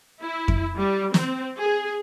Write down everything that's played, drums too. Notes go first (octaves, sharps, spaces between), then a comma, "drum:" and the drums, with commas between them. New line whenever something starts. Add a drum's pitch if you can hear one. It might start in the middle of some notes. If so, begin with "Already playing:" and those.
E4
drum: kick F2
G3
C4, drum: snare
G#4